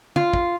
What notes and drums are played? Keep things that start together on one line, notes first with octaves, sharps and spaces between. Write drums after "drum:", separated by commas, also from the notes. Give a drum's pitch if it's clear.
F4, drum: tom
drum: kick